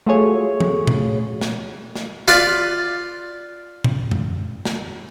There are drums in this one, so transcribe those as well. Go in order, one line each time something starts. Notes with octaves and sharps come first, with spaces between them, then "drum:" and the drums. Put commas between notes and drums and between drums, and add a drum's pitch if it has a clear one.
A3 F4 F#4 G#4 C#5
drum: tom E3
drum: tom A#2
drum: snare
drum: snare
F4 B4 D5 F5
drum: tom A#2
drum: tom F#2
drum: snare